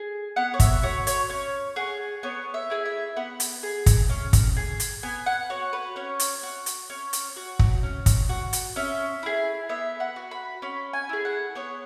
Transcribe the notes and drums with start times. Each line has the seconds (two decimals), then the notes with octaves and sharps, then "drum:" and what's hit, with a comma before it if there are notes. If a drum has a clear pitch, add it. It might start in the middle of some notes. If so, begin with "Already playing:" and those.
Already playing: G#4
0.36 B3 F#5
0.54 C#5
0.60 E5, drum: kick, hi-hat
0.83 F#4 C#5
1.07 C#5, drum: hi-hat
1.29 C#4 C#5
1.76 G#4 F#5
2.23 B3 C#5
2.54 E5
2.70 E4 G#4
2.86 E5
3.16 B3 F#5
3.40 drum: hi-hat
3.63 G#4
3.86 drum: kick, hi-hat
4.09 C#4
4.33 drum: kick, hi-hat
4.56 G#4
4.80 drum: hi-hat
5.03 B3 G#5
5.26 F#5
5.50 F#4 C#5
5.73 B4
5.96 C#4 C#5
6.20 drum: hi-hat
6.43 F#4
6.66 drum: hi-hat
6.90 C#4 C#5
7.13 drum: hi-hat
7.36 F#4
7.59 drum: kick
7.83 C#4
8.06 drum: kick, hi-hat
8.29 F#4
8.53 drum: hi-hat
8.76 C#4 E5
9.23 E4 G#4
9.69 B3 E5
10.00 F#5
10.16 F#4
10.31 B5
10.62 C#4 B5
10.93 G#5
11.09 E4 G#4
11.25 F#5
11.55 B3 C#5